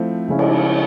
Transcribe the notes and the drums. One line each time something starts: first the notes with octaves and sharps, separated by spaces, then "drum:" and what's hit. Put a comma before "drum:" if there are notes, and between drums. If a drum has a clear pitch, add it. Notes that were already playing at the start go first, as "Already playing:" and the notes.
Already playing: F3 A3 C4 E4
C#3 F3 G#3 C#4 E4
drum: cymbal